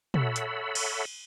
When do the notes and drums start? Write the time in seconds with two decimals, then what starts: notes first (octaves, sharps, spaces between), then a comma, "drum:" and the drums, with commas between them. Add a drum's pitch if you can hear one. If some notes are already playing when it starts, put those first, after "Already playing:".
0.14 A4 C#5 E5 F#5 B5, drum: tom
0.36 drum: hi-hat
0.75 drum: cymbal